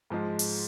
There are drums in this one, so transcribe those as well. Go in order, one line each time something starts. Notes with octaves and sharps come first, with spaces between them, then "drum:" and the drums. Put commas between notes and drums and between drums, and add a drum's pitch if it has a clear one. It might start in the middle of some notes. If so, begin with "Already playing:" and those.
G#2 F3 G#3
drum: open hi-hat